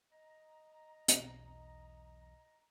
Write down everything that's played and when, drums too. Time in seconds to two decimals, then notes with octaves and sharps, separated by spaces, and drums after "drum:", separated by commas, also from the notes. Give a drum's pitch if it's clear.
0.12 D#5 A#5
1.08 B1 E2, drum: hi-hat